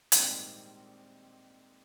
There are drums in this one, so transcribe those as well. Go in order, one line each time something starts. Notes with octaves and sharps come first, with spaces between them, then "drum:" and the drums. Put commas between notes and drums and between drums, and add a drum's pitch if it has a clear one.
A#1 G#2 D#3 G3 C4, drum: hi-hat